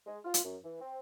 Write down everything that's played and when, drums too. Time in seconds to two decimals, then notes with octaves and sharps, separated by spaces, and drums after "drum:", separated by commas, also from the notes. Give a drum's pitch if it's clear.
0.06 G#3
0.25 F4
0.34 drum: hi-hat
0.44 F#2
0.64 E3
0.80 C4